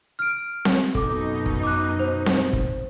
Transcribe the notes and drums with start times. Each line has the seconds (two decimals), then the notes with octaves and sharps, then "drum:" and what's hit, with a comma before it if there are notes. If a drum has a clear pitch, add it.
0.19 F6 D7
0.65 drum: snare C4
0.95 F#2 B2 D#4 A4 D6, drum: kick
1.46 drum: kick
1.63 D6 F#6
1.99 C5
2.26 drum: snare C4
2.53 drum: kick